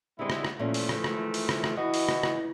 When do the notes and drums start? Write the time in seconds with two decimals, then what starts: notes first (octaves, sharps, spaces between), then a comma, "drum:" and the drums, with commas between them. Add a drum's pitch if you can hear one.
0.19 D3 G3 G#3 C4 E4
0.30 drum: rim click
0.45 drum: rim click
0.59 A#2 E3 F3 A3 C#4
0.74 drum: open hi-hat
0.89 drum: rim click
1.04 D#3 G#3, drum: rim click
1.34 drum: open hi-hat
1.49 drum: rim click
1.64 drum: rim click
1.77 E3 E4 F#4 D#5
1.94 drum: open hi-hat
2.09 drum: rim click
2.23 drum: rim click